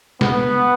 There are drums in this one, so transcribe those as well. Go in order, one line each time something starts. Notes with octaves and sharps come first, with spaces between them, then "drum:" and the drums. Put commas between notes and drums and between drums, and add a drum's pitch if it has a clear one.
B3, drum: snare